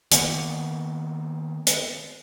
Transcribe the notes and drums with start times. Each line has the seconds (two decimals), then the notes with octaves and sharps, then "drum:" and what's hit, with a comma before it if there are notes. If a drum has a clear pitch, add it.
0.12 D#3 A#3 B3, drum: hi-hat
1.67 drum: hi-hat